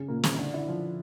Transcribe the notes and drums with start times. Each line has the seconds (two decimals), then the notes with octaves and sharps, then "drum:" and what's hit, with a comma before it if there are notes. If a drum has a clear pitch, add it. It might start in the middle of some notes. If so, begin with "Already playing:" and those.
Already playing: C#3 C#4
0.08 A#2 A#3
0.23 C#3 C#4, drum: snare
0.34 E4
0.38 D3 D4
0.54 E3 E4
0.68 F3 F4